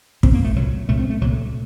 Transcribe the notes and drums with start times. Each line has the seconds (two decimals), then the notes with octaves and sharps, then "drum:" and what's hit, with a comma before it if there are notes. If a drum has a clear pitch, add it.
0.23 C2 A#2 C4, drum: kick
0.34 A#3
0.44 A3
0.56 C2 A#2 F#3
0.88 C2 A#2 A3
0.99 C4
1.10 A3
1.21 C2 A#2 F#3
1.32 A3